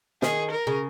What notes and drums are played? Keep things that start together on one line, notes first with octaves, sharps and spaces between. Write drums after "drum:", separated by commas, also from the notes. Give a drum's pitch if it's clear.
D#3 G#4, drum: snare
A#4
C#3